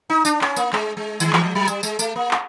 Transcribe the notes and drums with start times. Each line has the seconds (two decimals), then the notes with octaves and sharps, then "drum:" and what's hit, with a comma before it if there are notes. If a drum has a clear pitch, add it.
0.10 D#4
0.25 D4, drum: tambourine
0.41 C#4, drum: clap
0.56 A#3, drum: tambourine
0.73 G#3, drum: clap
0.97 G#3
1.20 D#3, drum: tambourine
1.33 E3, drum: clap
1.44 F3
1.55 F#3
1.68 G3, drum: tambourine
1.83 G#3, drum: tambourine
1.99 A3, drum: tambourine
2.16 A#3
2.31 drum: clap